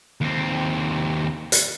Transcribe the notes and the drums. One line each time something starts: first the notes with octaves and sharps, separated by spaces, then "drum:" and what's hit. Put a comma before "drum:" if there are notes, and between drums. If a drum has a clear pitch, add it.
D#2 C4
drum: hi-hat